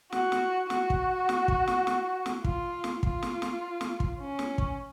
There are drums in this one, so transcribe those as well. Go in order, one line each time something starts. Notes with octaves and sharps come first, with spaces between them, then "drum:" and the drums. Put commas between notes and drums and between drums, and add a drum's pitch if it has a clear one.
F#4, drum: snare
drum: snare
F#4, drum: snare
drum: kick
drum: snare
drum: kick
drum: snare
drum: snare
drum: snare
F4, drum: kick
drum: snare
F4, drum: kick
drum: snare
drum: snare
drum: snare
drum: kick
C#4
drum: snare
drum: kick